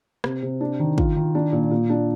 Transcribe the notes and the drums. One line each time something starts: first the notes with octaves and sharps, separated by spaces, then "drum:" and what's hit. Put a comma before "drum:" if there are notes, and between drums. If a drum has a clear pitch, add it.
C3, drum: rim click
C3
D4
D#3
F4, drum: kick
D#3
D4
A#2
A#2
D4